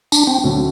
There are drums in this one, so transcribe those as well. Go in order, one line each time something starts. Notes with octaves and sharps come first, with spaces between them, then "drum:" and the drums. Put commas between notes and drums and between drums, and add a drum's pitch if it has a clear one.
D4, drum: tambourine
C4
D2 D3 F#3 A3 C#4